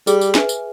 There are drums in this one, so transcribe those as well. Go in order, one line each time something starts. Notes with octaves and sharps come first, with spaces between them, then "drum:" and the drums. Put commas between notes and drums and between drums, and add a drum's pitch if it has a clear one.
G3 G#4, drum: tambourine
drum: tambourine
B4 E5 G#5, drum: snare
drum: tambourine